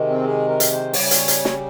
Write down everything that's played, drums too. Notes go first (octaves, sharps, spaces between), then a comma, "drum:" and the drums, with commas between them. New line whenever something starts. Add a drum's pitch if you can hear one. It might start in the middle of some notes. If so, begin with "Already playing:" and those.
Already playing: C3 D#3 G#3
C4
G#4
A#4
drum: hi-hat
C5
C#3 G3 C#5, drum: open hi-hat
drum: hi-hat
drum: hi-hat
drum: snare